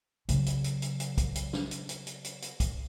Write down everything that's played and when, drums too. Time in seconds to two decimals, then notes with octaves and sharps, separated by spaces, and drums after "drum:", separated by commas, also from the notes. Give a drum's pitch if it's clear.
0.29 C#3 F#3, drum: hi-hat
0.46 drum: hi-hat
0.64 drum: hi-hat
0.82 drum: hi-hat
1.00 drum: hi-hat
1.18 drum: kick, hi-hat
1.35 drum: hi-hat
1.53 drum: snare
1.71 drum: hi-hat
1.89 drum: hi-hat
2.07 drum: hi-hat
2.24 drum: hi-hat
2.42 drum: hi-hat
2.60 drum: kick, hi-hat